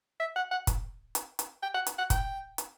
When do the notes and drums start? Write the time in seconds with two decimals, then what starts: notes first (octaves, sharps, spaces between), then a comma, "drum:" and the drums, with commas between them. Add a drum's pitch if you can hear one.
0.20 E5
0.36 F#5
0.51 F#5
0.67 drum: kick, hi-hat
1.15 drum: hi-hat
1.39 drum: hi-hat
1.63 G5
1.74 F#5
1.87 drum: hi-hat
1.98 F#5
2.10 G5, drum: kick, hi-hat
2.58 drum: hi-hat